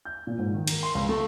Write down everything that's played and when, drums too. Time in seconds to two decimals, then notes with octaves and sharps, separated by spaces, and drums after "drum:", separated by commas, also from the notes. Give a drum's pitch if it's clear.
0.05 G6
0.27 A#2
0.38 G#2
0.54 D#3
0.68 A#4, drum: cymbal
0.83 C6
0.95 C#2
1.09 A3